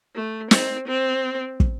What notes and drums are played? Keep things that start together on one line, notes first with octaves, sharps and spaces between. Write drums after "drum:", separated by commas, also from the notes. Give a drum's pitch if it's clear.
A3
C4, drum: snare
C4
drum: kick